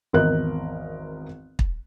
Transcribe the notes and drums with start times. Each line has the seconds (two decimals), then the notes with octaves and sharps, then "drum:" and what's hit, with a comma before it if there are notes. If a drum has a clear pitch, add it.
0.13 G#1 E2 A#4 D#5 F#6
1.59 drum: kick